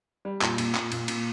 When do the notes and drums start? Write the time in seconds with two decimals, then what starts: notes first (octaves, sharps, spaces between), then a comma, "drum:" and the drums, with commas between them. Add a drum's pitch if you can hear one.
0.25 G3
0.42 A#2, drum: clap
0.58 A#2, drum: cymbal
0.75 A#2, drum: clap
0.92 A#2, drum: cymbal
1.08 A#2, drum: cymbal